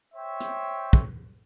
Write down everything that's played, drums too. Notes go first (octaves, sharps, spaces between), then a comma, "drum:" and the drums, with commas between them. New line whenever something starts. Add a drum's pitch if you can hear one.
C5 C#5 E5 G5
drum: hi-hat
drum: kick